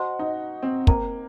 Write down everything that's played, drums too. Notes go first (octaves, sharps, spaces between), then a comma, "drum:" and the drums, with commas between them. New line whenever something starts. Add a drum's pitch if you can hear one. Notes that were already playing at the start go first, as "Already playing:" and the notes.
Already playing: F#4 C5 D#5 A5 C6
D#4
C4
A#3 C5 G5 A#5, drum: kick